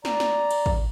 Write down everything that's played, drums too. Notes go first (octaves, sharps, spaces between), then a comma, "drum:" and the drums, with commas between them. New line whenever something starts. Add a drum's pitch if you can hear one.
D5 A#5, drum: snare
drum: snare
drum: cymbal
drum: kick